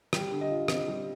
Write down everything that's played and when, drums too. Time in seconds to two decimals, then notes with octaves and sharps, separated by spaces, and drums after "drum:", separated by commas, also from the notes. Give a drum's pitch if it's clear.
0.13 G3 G4, drum: rim click
0.32 D3
0.41 D#5
0.50 F4
0.68 C4 D#5, drum: rim click
0.88 G3